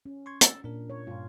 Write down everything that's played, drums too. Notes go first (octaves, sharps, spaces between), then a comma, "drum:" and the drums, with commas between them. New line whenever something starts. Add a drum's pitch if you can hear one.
C#4
C6 C#6 G#6
E6 A6, drum: hi-hat
A#2 D4 A#4
C#5
G2 A#2 F4